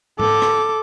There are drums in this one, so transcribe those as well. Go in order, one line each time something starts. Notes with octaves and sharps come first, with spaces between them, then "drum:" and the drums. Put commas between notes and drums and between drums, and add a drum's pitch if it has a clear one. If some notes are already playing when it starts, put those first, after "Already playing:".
A4 D6, drum: tom G#2
drum: rim click